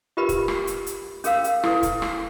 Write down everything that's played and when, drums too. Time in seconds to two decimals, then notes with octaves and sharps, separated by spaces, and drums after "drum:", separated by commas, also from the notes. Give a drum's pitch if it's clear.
0.17 F4 G4 A#4 B4 B5
0.29 drum: kick, hi-hat
0.48 drum: rim click
0.67 drum: hi-hat
0.87 drum: hi-hat
1.24 C#4 G#4 A#4 F5 E6, drum: hi-hat
1.44 drum: hi-hat
1.63 E4 A4 B4, drum: rim click
1.83 drum: kick, hi-hat
2.02 drum: rim click